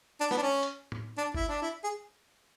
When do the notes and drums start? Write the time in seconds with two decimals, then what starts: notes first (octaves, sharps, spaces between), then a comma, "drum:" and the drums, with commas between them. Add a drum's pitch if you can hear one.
0.20 D4
0.31 B3, drum: snare
0.37 D4
0.42 C#4
0.63 drum: hi-hat
0.92 drum: tom
1.18 D4
1.35 E4, drum: kick G1
1.49 D4
1.62 E4
1.84 G#4